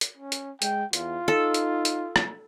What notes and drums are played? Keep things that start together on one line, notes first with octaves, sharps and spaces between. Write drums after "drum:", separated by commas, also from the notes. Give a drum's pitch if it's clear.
drum: hi-hat
C#4
drum: hi-hat
G#3 G5, drum: hi-hat
E2 F4, drum: hi-hat
D#4 A4
drum: hi-hat
drum: hi-hat
drum: rim click